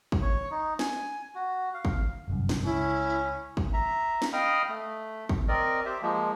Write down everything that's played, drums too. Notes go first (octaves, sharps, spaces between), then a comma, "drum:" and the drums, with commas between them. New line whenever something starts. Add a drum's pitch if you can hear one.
drum: kick
C#5
D#4
G#5, drum: snare
F#4
F5
drum: kick
G1 C2 F#2
drum: snare
C#2 C#4 E4
drum: kick
E5 A#5
drum: snare
D#5 F5 G5 B5 D#6 F6
A3
drum: kick
C4 A#4 D5 D#5
G4 C5 E5
F3 G#3 A#3